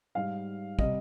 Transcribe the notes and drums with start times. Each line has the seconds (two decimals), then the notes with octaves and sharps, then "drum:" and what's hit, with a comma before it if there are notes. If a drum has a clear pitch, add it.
0.15 G#2 G3 F5
0.79 C3 G3 D#5, drum: kick